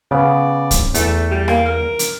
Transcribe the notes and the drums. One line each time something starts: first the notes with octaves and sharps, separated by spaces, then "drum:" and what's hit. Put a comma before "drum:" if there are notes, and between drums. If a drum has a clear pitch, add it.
C#3 B3 D5
drum: kick, hi-hat
E2 A3, drum: hi-hat
G3
A#3, drum: rim click
A#4
drum: hi-hat